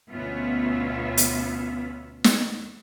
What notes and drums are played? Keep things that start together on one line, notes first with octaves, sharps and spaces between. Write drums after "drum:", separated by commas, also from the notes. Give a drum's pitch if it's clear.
D2 B2 B3 C#4 F4 E5
drum: hi-hat
drum: snare